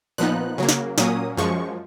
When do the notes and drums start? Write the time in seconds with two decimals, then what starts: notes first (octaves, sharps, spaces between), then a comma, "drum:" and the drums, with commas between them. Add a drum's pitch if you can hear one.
0.18 A#2 F3 B3 D#4 F#6
0.58 C#3 F#3 A#3
0.69 drum: snare
0.98 A#2 F#3 A#3 C#4 D#6, drum: snare
1.37 F#2 F3 G#3 C#6